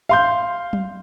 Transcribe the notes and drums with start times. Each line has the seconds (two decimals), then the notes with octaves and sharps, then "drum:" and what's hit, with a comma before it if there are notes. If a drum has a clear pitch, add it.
0.09 F5 C6 G6
0.73 drum: tom F#3